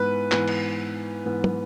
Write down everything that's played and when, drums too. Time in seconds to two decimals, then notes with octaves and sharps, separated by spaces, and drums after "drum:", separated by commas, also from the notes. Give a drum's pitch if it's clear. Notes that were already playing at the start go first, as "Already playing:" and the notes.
Already playing: G#2 E3 B3 B4
0.32 G#2 E3 B3, drum: clap
0.48 drum: cymbal
1.26 G#2 E3 B3
1.44 drum: tom